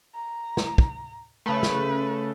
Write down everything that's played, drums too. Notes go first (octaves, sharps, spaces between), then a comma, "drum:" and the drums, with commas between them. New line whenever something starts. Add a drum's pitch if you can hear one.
A#5
drum: snare
drum: kick
C#3 A3 B4
drum: snare